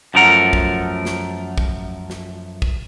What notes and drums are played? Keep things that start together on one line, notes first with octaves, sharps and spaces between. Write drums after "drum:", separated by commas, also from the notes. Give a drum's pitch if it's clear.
F#2 F3 A3 A#4 F#5
drum: kick
drum: snare
drum: kick
drum: snare
drum: kick